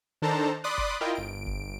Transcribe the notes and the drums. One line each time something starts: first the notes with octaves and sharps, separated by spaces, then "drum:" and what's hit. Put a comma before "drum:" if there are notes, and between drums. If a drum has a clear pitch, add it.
D#3 D4 A4 C5 A5 A#5
D5 B5 C6 D6 D#6 F#6
drum: kick F#1
E4 F4 A#4 D#5 G5
G1 D7
drum: kick F#1